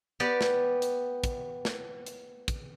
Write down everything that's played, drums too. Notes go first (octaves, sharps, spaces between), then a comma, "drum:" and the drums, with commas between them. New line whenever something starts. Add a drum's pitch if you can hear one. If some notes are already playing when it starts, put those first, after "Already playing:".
B3 G4 D5
drum: snare
drum: hi-hat
drum: kick, hi-hat
drum: snare
drum: hi-hat
drum: kick, hi-hat